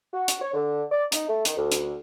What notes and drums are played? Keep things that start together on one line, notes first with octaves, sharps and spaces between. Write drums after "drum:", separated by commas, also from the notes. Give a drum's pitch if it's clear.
F#4
drum: hi-hat
C#5
D3
D5
D#4, drum: hi-hat
A3
D#3, drum: hi-hat
D2
drum: hi-hat